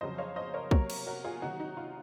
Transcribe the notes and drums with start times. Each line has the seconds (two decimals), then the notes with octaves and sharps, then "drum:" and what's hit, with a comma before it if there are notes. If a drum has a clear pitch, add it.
0.01 F2 C#3 F#3 C5 D#5
0.18 C#5 F5
0.36 C5 D#5
0.54 A#4 C#5
0.71 C3 F#3 A#3 A#4 C#5, drum: kick
0.90 drum: cymbal
1.06 F#4 A#4
1.25 F4 G#4
1.42 C3 D#3 F#3 D#4 F#4
1.60 D#4
1.77 F4